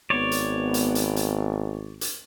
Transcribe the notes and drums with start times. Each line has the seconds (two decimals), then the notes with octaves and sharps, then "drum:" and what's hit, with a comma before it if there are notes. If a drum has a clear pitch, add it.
0.10 G#1 B3 C#5 D5
0.31 drum: hi-hat
0.74 drum: hi-hat
0.95 drum: hi-hat
1.16 drum: hi-hat
2.01 drum: hi-hat